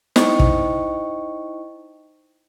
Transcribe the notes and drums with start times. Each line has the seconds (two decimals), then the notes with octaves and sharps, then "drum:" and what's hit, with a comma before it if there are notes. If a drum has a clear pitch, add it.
0.16 D#4 E4 C5 D#5 G5 C#6, drum: snare
0.39 drum: kick